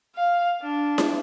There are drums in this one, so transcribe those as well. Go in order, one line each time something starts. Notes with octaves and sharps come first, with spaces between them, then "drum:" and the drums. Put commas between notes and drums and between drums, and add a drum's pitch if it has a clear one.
F5
D4
drum: snare E4